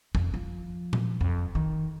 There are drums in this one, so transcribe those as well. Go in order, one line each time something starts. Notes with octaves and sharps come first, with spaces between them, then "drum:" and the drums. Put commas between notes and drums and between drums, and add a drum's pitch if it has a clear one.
F2, drum: kick
F3
drum: tom A#2
F2
D#3